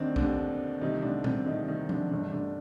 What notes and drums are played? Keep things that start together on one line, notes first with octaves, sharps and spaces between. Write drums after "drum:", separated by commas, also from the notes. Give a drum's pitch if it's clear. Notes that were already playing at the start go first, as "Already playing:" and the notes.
Already playing: D#2 D3 D#3 C4 D4 D#4
D#2 D3 D4, drum: kick
C2 C3 D#3 D#4
D3 D4
C4, drum: tom A#2
C2 C3 D#3 D#4
D#3 D#4
D3 D4, drum: tom F3
G1 G2 D3 D#3 D4
D3 D4